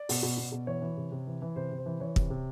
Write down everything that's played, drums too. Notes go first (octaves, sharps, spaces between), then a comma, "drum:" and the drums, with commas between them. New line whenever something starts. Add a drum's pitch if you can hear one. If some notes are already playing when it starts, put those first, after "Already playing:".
Already playing: D5
B2, drum: open hi-hat
B2
B2
B2
E3 C#5
E3
C3
C3
E3
E3
C3 C5
C3
C5
E3
E3 C#5
C3, drum: kick
C3